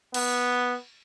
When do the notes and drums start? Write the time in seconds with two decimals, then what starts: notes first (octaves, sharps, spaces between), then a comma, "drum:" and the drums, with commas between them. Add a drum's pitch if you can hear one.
0.14 B3, drum: cymbal